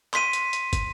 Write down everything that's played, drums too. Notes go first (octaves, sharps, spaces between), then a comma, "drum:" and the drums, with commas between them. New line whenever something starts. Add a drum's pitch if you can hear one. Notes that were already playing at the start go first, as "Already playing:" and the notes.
C6 B6 D#7, drum: clap
drum: hi-hat
drum: hi-hat
drum: kick, hi-hat